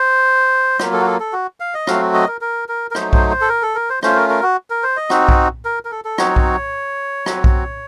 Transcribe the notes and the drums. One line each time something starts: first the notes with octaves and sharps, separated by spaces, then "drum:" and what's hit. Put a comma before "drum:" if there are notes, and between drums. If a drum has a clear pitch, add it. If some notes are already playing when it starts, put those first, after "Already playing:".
Already playing: C5
F#3 A#3 F4, drum: rim click
A4
F#4
A4
A4
F#4
F5
D#5
F#3 A3 C4 F#4 F5, drum: rim click
D#5
A#4
A#4
A#4
A#4
F#3 A3 D#4 C5, drum: rim click
C5, drum: kick B1
C5
A4
A#4
A4
A#4
C5
A3 C#4 F4 C5, drum: rim click
A#4
A#4
F#4
A#4
C5
D#5
C4 D#4 F#4, drum: rim click
drum: kick B1
A#4
A#4
A4
A4
F#3 C4 D#4 F#4 C#5, drum: rim click
drum: kick B1
F#3 C4 F#4, drum: rim click
drum: kick B1